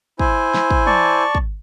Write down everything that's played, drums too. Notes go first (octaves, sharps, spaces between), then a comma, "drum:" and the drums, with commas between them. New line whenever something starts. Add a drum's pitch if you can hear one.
E4 C5 G#5, drum: kick
drum: snare
drum: kick
D5 A5 C#6, drum: tom
drum: kick